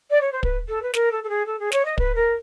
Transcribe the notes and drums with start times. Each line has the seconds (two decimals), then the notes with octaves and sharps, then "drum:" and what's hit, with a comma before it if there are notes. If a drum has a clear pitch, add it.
0.10 D5
0.20 C#5
0.32 C5
0.43 B4, drum: kick
0.68 A4
0.82 B4
0.94 A#4, drum: snare
1.11 A4
1.23 A4
1.29 G#4
1.45 A4
1.59 G#4
1.72 C#5, drum: snare
1.84 D#5
1.98 B4, drum: kick
2.15 A#4